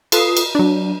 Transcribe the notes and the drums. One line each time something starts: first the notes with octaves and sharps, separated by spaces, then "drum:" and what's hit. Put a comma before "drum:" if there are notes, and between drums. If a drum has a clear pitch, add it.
F4 A4 B4 D#6 C7, drum: cymbal
drum: cymbal
F#3 D4